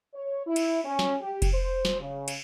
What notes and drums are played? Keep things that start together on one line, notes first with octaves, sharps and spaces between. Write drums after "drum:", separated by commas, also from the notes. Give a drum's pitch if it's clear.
C#5
E4
drum: cymbal
C#4
drum: snare
G4
drum: kick F1, cymbal
C5
drum: snare
C#3
drum: cymbal